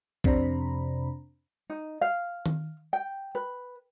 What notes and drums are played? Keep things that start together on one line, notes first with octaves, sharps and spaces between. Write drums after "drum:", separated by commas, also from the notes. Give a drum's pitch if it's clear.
F2 C3 D4 C5 A#5 B5, drum: kick B1
D#4
F5
drum: tom D#3
G5
B4